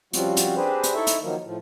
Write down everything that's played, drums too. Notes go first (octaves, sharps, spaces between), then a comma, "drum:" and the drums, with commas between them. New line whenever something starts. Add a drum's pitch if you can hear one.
C#3 F3 G3 C4 F4 F#4, drum: hi-hat
drum: hi-hat
C4 D4 G4 G#4 B4 C5
drum: hi-hat
D#4 E4 A4 C#5 E5
drum: hi-hat
D#3 F3 F#3 A#3
A2 F3